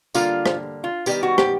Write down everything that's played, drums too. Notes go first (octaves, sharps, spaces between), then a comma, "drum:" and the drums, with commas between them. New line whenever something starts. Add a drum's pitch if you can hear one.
D3 G3 A#3 F4, drum: tambourine
drum: rim click
F4
D#3 G3 B3 G4, drum: tambourine
F#4
G4, drum: rim click